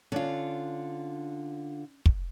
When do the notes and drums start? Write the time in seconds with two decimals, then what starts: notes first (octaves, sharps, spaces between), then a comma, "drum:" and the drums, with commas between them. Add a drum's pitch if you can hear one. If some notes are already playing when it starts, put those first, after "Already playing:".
0.12 D3 C#4 D4 F4
2.06 drum: kick